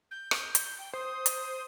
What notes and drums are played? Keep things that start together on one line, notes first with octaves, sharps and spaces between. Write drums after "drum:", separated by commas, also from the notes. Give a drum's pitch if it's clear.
G6
drum: rim click
drum: hi-hat
G5
C5 D#6
drum: hi-hat